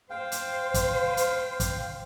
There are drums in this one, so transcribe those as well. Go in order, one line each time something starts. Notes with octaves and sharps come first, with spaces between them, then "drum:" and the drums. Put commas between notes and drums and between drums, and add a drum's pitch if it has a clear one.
C5 F5 G5
drum: hi-hat
drum: kick, hi-hat
drum: hi-hat
drum: kick, hi-hat